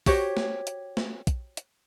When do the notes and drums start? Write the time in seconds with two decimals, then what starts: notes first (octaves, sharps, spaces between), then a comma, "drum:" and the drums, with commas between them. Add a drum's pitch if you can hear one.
0.06 F#4 G4 C5 C#5, drum: kick, open hi-hat
0.37 drum: snare
0.67 drum: hi-hat
0.97 drum: snare
1.27 drum: kick, hi-hat
1.57 drum: hi-hat